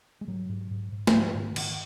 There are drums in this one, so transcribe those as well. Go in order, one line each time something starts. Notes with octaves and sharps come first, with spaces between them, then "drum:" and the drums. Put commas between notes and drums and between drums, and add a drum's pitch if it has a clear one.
G#3
G#2 F#3
G#2
G#2
G#2
D#3, drum: snare
G#2 F3
G#2 D#3
G#2 D#3, drum: cymbal